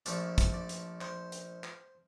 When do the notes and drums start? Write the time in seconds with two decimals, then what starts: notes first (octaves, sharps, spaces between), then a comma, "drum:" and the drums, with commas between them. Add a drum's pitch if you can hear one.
0.06 A#1 A#2 F3 A3 D5, drum: hi-hat
0.38 drum: kick, hi-hat
0.54 D5
0.69 drum: hi-hat
1.01 C5, drum: clap
1.32 drum: hi-hat
1.64 drum: clap